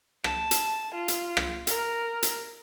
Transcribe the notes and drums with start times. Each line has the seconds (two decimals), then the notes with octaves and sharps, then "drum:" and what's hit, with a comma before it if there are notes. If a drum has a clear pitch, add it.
0.24 A5, drum: rim click
0.51 drum: hi-hat
0.94 F4
1.08 drum: hi-hat
1.37 drum: rim click
1.67 A#4, drum: hi-hat
2.23 drum: hi-hat